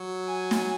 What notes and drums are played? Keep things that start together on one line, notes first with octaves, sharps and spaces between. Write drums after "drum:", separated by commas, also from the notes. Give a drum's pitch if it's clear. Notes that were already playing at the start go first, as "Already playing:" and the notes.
Already playing: F#3
G#5
drum: snare